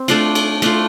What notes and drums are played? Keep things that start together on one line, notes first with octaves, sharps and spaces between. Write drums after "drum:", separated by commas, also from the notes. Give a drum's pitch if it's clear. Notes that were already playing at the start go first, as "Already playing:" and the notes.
Already playing: C4
A3 D4 F4, drum: cymbal
drum: cymbal
A3 D4 F4, drum: cymbal